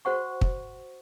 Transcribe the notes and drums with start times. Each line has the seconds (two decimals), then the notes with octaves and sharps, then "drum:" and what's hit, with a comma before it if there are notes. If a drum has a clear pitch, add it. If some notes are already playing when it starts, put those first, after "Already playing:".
0.05 F#4 C5 F#5 C#6
0.41 drum: kick